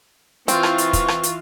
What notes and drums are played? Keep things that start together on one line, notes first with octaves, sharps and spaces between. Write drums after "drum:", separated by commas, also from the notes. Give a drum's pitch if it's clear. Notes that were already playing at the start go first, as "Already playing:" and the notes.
E3 C4 F4 C#6, drum: hi-hat
drum: rim click
drum: hi-hat
drum: kick, hi-hat
drum: rim click
drum: hi-hat